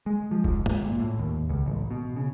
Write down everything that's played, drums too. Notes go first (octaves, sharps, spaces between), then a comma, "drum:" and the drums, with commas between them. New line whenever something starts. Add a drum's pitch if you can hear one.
G#3
F3
G#2, drum: kick
G1, drum: tom
A#2
A2
D#2
C#2
A1
B2
C#3